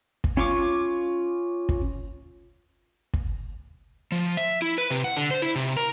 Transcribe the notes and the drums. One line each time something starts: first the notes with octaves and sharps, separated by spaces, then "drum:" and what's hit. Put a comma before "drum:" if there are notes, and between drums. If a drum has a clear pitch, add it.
drum: kick
C#4 F4 C#6 D6
drum: kick
drum: kick
F3
E5
E4
B4
C3
F#5
D3
C5
E4
C3
A#4